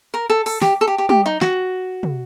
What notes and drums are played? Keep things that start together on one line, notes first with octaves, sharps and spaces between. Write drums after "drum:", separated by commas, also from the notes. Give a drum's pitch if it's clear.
A#4
A4
A4, drum: open hi-hat
G4, drum: snare
A4
G4
G4
G4, drum: tom
D#4
F#4, drum: snare
drum: tom